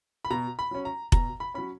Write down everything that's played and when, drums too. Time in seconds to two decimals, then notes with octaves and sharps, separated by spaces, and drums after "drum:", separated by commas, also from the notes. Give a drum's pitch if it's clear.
0.25 B5
0.30 B2 A#5
0.59 B5
0.71 F#3 C#4
0.85 A#5
1.12 B2 A#5, drum: kick F1
1.40 B5
1.54 F#3 C#4 B5